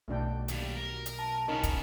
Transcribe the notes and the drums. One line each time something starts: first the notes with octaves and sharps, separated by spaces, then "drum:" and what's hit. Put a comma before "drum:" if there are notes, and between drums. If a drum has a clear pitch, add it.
B1 B2 A3 D4 G5
D#2 G3, drum: hi-hat
A#4
drum: hi-hat
A5
C#3 B3 C#4 D#4 A#4 D#5
drum: kick, hi-hat